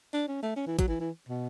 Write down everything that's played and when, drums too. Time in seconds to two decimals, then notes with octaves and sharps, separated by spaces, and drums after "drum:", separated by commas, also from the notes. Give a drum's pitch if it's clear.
0.13 D4
0.28 C#4
0.42 A3
0.56 C#4
0.67 E3
0.79 F#3, drum: kick A1, hi-hat
0.88 E3
1.00 E3
1.29 B2